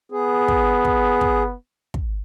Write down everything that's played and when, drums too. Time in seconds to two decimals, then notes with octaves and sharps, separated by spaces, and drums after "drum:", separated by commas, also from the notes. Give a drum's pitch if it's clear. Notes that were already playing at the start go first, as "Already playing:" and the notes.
0.12 B3 G#4
0.48 drum: kick
0.85 drum: kick
1.21 drum: kick
1.94 drum: kick